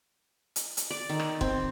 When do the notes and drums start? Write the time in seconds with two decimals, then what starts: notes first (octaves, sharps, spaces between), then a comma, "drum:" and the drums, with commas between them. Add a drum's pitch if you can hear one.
0.56 drum: hi-hat
0.77 drum: hi-hat
0.90 D5
1.09 D#3
1.20 drum: rim click
1.41 C4, drum: kick